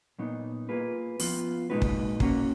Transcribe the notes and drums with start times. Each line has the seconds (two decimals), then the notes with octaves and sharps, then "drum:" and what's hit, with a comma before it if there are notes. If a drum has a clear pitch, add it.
0.19 A#2 F#3 B3 D#4
0.69 A#3 F4 G#4 B4
1.20 F3 B3 F4, drum: open hi-hat
1.70 A#2 G#3 D#4 F#4 B4
1.82 drum: kick
2.20 A#3 C#4 F#4, drum: kick